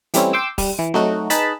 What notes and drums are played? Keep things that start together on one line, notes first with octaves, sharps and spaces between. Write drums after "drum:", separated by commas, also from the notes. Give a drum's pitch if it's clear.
E3 G3 A3 C4 C#4 E4, drum: hi-hat
G5 C6 D6 E6
G3, drum: kick, open hi-hat
E3
F#3 A3 D#4 F#4, drum: snare C4
D#4 G#4 B4 A5 B5, drum: hi-hat